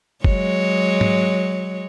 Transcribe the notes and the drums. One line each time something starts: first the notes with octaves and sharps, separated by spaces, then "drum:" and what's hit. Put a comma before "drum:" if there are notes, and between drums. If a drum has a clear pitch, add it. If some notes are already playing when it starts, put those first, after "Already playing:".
F#3 G#3 C#5, drum: kick
drum: tom G#2